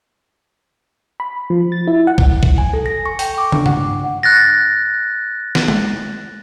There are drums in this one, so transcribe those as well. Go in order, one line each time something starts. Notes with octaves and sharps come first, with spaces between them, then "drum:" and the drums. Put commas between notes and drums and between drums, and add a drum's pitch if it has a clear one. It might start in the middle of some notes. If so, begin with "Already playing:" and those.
B5
F3
A6
E4
F#5
drum: kick B1
drum: kick B1
G#5
A4
A#6
C#6
G5, drum: open hi-hat
D6
D4, drum: tom
F#5, drum: tom G2
F#6 A6 A#6
drum: snare
drum: tom G#3